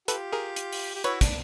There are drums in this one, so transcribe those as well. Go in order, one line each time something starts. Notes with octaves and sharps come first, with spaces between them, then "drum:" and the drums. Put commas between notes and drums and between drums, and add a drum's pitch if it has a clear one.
F4 G4 A4 B4, drum: hi-hat
G#4 A#4
drum: hi-hat
drum: open hi-hat
G4
E4 F#4 B4 C#5, drum: hi-hat
D4, drum: kick, hi-hat